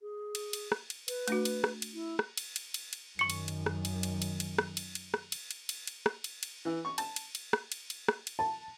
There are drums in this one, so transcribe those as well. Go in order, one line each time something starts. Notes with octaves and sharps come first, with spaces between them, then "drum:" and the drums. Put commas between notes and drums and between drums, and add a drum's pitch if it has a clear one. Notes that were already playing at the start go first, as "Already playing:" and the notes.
G#4
drum: cymbal
drum: cymbal
drum: rim click
drum: cymbal
B4, drum: cymbal
A3 D4 F#4, drum: cymbal
drum: cymbal
drum: rim click
drum: cymbal
E4
drum: rim click
drum: cymbal
drum: cymbal
drum: cymbal
drum: cymbal
F#2 D#3 C#6 C#7
drum: cymbal
drum: cymbal
drum: rim click
drum: cymbal
drum: cymbal
drum: cymbal
drum: cymbal
drum: rim click
drum: cymbal
drum: cymbal
drum: rim click
drum: cymbal
drum: cymbal
drum: cymbal
drum: cymbal
drum: rim click
drum: cymbal
drum: cymbal
E3
C#6
A5, drum: cymbal
drum: cymbal
drum: cymbal
drum: rim click
drum: cymbal
drum: cymbal
drum: rim click
drum: cymbal
A5